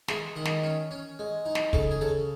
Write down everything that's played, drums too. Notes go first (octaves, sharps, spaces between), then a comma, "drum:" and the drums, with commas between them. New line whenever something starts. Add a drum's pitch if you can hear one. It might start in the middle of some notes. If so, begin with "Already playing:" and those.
G#3 E5, drum: snare
D#3 D#5
drum: snare
C#4
C#4
G#3
D#4
drum: snare
C#3 A4, drum: kick
G#4
C#3 A4